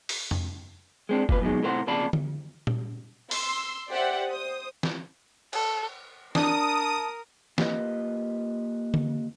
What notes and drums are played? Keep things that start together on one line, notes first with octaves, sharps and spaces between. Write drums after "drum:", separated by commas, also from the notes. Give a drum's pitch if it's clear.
drum: open hi-hat
drum: tom F2
G#3 C4 D4
A#2 B4, drum: kick
F#2 B2 D3 D#3 G#3
A2 C3 A#4 C5 F#5
F2 C#3 A#3 D5 A5 B5
drum: tom D3
drum: tom A#2
C6 E6, drum: open hi-hat
G4 C5 D5 E5 F#5
C5 D#6
drum: snare
A4, drum: cymbal
D4 A#4 A5 D#6, drum: snare
A#3 F4 G4 B4 D#5, drum: snare
drum: tom D3